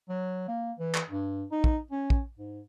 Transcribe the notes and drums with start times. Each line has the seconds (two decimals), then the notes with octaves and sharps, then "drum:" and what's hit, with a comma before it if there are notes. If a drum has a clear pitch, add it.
0.09 F#3
0.48 A#3
0.79 E3
0.95 drum: clap
1.09 G2
1.51 D#4
1.64 drum: kick
1.91 C#4
2.10 drum: kick
2.38 G#2